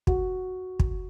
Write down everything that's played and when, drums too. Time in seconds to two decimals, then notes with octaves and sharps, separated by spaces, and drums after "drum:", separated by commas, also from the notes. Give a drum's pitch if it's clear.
0.07 F#4, drum: kick
0.79 drum: kick